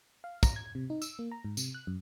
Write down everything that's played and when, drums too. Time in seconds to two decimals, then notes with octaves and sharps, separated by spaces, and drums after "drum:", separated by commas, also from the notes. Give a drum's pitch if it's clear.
0.24 F5
0.43 A#5, drum: kick, tambourine
0.56 G#6
0.75 C3
0.90 D#4
1.02 E6, drum: tambourine
1.19 A#3
1.32 A#5
1.45 G#2
1.57 C3, drum: tambourine
1.74 F#6
1.87 F#2